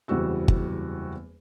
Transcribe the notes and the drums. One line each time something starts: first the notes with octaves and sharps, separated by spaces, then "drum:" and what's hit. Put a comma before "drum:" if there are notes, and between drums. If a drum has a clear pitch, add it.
F#1 E2 G3 C4 F#4 E6
drum: kick G1